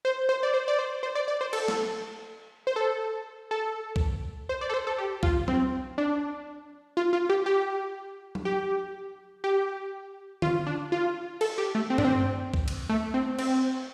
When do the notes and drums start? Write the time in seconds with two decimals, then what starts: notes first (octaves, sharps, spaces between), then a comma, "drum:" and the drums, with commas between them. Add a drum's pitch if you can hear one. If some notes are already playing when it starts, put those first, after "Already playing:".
0.05 C5
0.29 C5
0.43 D5
0.54 C5
0.68 D5
0.79 C5
1.03 C5
1.15 D5
1.28 D5
1.41 C5
1.53 A4, drum: cymbal
1.68 drum: snare
2.67 C5
2.76 A4
3.51 A4
3.96 drum: kick C2
4.49 C5
4.61 D5
4.69 A4
4.74 C5
4.87 A4
4.98 G4
5.23 F4, drum: kick C2
5.48 C4, drum: tom F#3
5.98 D4
6.97 F4
7.13 F4
7.29 G4
7.46 G4
8.35 drum: tom F#3
8.45 G4
9.44 G4
10.42 F4, drum: tom D3
10.67 D4
10.92 F4
11.41 A4, drum: cymbal
11.58 G4
11.75 A3
11.90 C4
11.98 D4, drum: tom G2
12.05 C4
12.54 drum: kick C2
12.68 drum: cymbal
12.89 A3
13.14 C4
13.39 C4, drum: cymbal